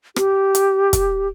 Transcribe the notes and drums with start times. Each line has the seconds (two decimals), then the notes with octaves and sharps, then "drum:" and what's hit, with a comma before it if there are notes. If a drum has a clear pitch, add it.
0.16 G4, drum: rim click
0.55 drum: hi-hat
0.93 drum: kick, hi-hat